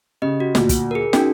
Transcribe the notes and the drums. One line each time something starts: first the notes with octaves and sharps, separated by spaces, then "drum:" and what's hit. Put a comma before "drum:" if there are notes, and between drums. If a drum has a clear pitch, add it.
C#3 G4 D#5
F#4
D2 A#2, drum: snare
drum: kick, hi-hat
G#4 A#4
C#4 D#4 F#4 G5, drum: snare